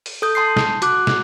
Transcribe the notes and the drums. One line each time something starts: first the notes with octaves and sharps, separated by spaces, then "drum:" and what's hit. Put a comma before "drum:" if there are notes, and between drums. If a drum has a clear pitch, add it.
drum: open hi-hat
A4 D#6 G6
A5 C6 G6 C7
drum: snare
F#4 D6 F#6, drum: hi-hat
drum: snare